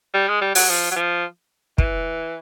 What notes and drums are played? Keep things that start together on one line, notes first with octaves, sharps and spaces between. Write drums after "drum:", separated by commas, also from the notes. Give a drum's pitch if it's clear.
G3
G#3
G3
F#3, drum: open hi-hat
F3
F#3
F3
E3, drum: kick